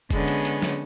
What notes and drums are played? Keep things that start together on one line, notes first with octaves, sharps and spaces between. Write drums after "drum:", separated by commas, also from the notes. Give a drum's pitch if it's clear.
D3 G#3 B3 C#4, drum: kick F1, hi-hat
drum: hi-hat
drum: hi-hat
drum: snare